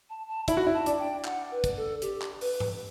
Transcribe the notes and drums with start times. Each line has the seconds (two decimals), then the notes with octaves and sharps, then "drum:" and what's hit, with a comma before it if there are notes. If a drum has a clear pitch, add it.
0.10 A5
0.28 A5
0.48 E4 B5, drum: kick, hi-hat
0.57 F#4
0.67 E4
0.73 A5
0.86 D4, drum: hi-hat
0.99 G5
1.25 F#5, drum: clap
1.51 B4
1.64 drum: kick, hi-hat
1.77 A4
2.02 G4, drum: hi-hat
2.22 drum: clap
2.41 B4, drum: open hi-hat
2.60 drum: tom G#2